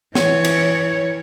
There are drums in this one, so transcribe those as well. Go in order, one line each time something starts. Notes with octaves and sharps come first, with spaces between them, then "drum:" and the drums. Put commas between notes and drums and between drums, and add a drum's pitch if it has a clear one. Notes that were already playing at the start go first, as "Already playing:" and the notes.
E3 C#5, drum: snare
drum: cymbal